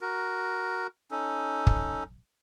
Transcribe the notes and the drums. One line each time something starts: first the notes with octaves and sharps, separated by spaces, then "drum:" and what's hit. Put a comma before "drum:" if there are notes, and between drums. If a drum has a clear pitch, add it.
F#4 A#4
C#4 D#4 A4
drum: kick